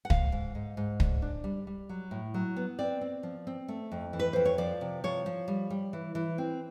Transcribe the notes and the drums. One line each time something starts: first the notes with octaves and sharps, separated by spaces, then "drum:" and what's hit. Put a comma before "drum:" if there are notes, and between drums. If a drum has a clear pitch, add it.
F#5
G#2 F5, drum: kick
G#2
G#2
G#2
D4, drum: kick
D4
G3
G3
F#3
A2
F#3
B3
C4 D5
C4
F3
C4
A3
F2
E3
B4
F2 C5
C#5
F3 D5
C3
F3 C#5
F3
G3
G3
E3
E3
C4